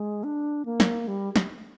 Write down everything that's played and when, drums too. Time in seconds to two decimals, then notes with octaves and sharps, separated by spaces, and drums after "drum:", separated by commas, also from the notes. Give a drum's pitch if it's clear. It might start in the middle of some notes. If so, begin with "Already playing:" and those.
Already playing: G#3
0.24 D4
0.65 A#3
0.80 drum: snare
1.08 G3
1.36 drum: snare